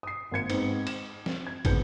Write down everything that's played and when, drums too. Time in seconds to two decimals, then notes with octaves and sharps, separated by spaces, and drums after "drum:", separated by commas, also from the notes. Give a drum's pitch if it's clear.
0.03 D#6 C7
0.31 G#1 A#3 G#6 C#7
0.50 G#2 B3 C4 D#4, drum: cymbal
0.87 E7, drum: cymbal
1.26 drum: snare
1.47 G#6
1.65 F1 C#2 D#3 B3 G6 C#7, drum: kick, cymbal